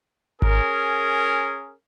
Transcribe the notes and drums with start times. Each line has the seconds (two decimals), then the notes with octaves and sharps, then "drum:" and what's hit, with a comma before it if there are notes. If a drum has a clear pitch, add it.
0.42 C#4 G#4 A#4, drum: kick G#1